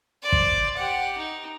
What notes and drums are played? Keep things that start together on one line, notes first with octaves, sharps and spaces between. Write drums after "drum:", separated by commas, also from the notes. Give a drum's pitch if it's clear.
C5 D5
drum: kick
G4 F#5
D#4